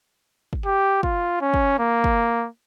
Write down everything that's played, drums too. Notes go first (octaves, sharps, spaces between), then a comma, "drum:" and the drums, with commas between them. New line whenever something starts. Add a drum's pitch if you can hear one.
drum: kick
G4
F4, drum: kick
C#4
drum: kick
A#3
drum: kick